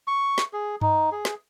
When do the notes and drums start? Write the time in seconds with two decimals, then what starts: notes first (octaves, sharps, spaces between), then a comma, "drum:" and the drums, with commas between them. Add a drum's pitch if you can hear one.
0.08 C#6
0.38 drum: snare
0.53 G#4
0.81 D#4, drum: tom G2
1.12 G#4
1.25 drum: snare